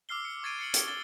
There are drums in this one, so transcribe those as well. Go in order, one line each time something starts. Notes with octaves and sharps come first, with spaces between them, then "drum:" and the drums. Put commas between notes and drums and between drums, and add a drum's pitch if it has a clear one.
D6 E6 F6 C7 G7
C#7
C#6 G#6 A6 C7 D7 D#7
C7 C#7 F#7
G7, drum: hi-hat
C#6 A6 G7